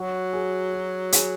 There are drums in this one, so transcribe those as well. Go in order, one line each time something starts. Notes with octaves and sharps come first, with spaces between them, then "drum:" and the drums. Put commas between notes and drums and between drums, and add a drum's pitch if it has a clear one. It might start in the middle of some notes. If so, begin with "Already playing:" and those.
Already playing: F#3 F#4
G#4
F#4
G#4, drum: hi-hat